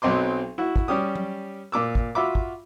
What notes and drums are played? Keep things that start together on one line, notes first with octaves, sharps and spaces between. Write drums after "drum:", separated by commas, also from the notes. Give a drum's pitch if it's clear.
B1 F#3 C4 D#5 C6 D6
E4 F#4
drum: kick
G3 C#4 G4 D#6
drum: tom F#3
A#2 D6 E6
drum: kick
F4 F#4 E5 B5 D6
drum: kick